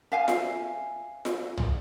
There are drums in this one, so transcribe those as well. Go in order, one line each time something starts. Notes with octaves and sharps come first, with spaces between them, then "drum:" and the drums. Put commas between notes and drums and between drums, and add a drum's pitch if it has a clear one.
E5 F5 G#5
drum: snare F4
drum: snare F4
drum: tom